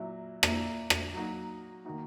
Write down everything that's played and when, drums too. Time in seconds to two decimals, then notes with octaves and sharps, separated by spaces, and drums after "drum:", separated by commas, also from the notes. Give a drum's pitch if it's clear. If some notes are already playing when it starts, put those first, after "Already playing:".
Already playing: A#2 F#3 A#3 E4
0.43 A#2 A#3 E4, drum: rim click
0.90 drum: rim click
1.14 F#3 A#3 D#4 F#4
1.85 D#3 A#3 D#4 F#4